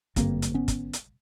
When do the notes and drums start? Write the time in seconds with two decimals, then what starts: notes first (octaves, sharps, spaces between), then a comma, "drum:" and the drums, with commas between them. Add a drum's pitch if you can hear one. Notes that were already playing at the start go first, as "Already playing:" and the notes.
0.16 G#1 G2 D3 A#3 C4, drum: kick, hi-hat
0.42 drum: hi-hat
0.54 B3 C#4
0.68 drum: kick, hi-hat
0.93 drum: hi-hat